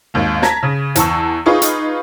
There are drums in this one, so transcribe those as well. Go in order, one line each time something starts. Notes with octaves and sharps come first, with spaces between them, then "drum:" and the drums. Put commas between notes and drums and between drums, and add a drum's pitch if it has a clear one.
G#1 D#2
A5 A#5 G#6 A#6 B6, drum: snare
C#3
E2 A5 C#6 E6, drum: hi-hat
D#4 F4 G#4 B4 C#6
drum: hi-hat